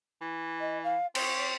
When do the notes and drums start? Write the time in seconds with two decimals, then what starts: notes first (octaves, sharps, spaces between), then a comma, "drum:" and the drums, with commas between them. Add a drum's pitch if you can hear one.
0.21 E3
0.60 D#5
0.83 F5
1.15 C4 C#5, drum: cymbal